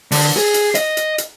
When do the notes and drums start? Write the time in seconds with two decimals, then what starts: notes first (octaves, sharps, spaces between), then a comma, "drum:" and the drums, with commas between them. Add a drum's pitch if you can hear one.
0.11 D3, drum: open hi-hat
0.37 G#4
0.54 drum: hi-hat
0.75 D#5, drum: hi-hat
0.97 drum: hi-hat
1.18 drum: hi-hat